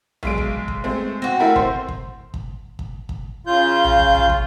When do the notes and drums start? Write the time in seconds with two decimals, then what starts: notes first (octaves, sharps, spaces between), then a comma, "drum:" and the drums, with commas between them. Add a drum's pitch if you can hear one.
0.23 B1 G#3 D7, drum: tom A#1
0.38 drum: kick
0.68 drum: kick
0.84 G#3 A3 C4
1.22 C4 F#4 A#6
1.40 A3 E4 A#4
1.56 C5, drum: kick
1.88 drum: kick
2.34 drum: kick
2.79 drum: kick
3.09 drum: kick
3.47 C#3 F4 G6
3.84 drum: tom A#1
3.99 drum: kick
4.14 drum: tom A#1
4.30 drum: kick